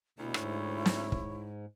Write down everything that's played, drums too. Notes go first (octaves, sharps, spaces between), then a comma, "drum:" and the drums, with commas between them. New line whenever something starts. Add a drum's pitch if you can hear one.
D2 B2 E4
G#2 C#5, drum: rim click
drum: snare
drum: kick